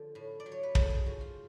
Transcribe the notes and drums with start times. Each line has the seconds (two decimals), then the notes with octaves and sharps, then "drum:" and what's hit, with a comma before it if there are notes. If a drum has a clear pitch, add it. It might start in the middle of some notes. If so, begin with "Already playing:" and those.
Already playing: D3 F3
0.15 A2
0.40 D5
0.46 F#3
0.52 C#5
0.63 B4
0.75 G#2 A4, drum: kick
0.90 G#4
1.06 F3 F#4
1.21 F4